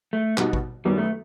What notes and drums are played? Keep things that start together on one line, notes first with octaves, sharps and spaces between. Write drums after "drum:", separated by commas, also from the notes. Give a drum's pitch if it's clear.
A3
B2 G3 D#4 F#4, drum: clap
drum: kick
F#2 D#3 F#3 G3 B3
A3